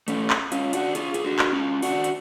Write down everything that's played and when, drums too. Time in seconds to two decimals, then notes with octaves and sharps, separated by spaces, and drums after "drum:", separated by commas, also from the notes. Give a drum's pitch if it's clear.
0.08 A3 C#4, drum: hi-hat
0.30 drum: clap
0.52 C#4 F4, drum: hi-hat
0.73 D4 F#4, drum: hi-hat
0.95 F4 G#4, drum: hi-hat
1.14 G#4, drum: hi-hat
1.25 D4 F#4
1.39 drum: clap
1.53 C#4 F4
1.82 D4 F#4, drum: open hi-hat
2.04 drum: hi-hat